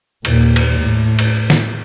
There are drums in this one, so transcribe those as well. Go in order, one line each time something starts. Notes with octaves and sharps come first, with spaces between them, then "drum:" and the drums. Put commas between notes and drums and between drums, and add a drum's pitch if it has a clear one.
D#2 A#2, drum: cymbal
drum: cymbal
A2
drum: cymbal
drum: snare